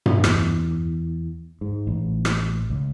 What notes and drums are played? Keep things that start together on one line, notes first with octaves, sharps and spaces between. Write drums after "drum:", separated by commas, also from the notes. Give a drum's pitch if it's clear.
drum: tom G2
E2, drum: rim click
G#2
A1
drum: rim click
C#2